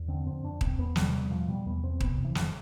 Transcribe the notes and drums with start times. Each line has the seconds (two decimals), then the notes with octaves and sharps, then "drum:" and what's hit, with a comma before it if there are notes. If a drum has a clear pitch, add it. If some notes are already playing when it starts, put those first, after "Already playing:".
Already playing: E2
0.08 D3 C4
0.26 F2 C4
0.44 F2 D4
0.61 E2 C4, drum: kick D#1
0.78 E2 B3
0.96 C3 G3, drum: snare
1.14 E2
1.30 B2 F3
1.48 B2 G3
1.66 E2 B3
1.83 E2 C4
2.01 C3 B3, drum: kick D#1
2.18 F2
2.25 E3
2.35 F2, drum: snare